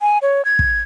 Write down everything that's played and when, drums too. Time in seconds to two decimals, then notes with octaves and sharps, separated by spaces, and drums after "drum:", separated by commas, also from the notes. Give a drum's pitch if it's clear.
0.01 G#5
0.22 C#5
0.45 G#6
0.59 drum: kick